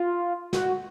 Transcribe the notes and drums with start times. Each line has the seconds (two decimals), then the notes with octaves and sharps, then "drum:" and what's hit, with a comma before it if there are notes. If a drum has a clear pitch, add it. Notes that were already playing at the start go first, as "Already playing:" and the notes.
Already playing: F4
0.53 F#4, drum: snare